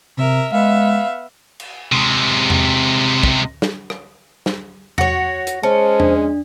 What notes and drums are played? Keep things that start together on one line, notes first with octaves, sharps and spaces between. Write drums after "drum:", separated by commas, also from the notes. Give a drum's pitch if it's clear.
C3 A#4 E5
G#3 B3 E5 F5
drum: cymbal
C3 G#3
drum: tom E2
drum: kick
drum: snare
drum: rim click
drum: snare
F#4 C#5 A#6, drum: tom E2
drum: hi-hat
G#3 C#4 C5 A5
D4, drum: tom E2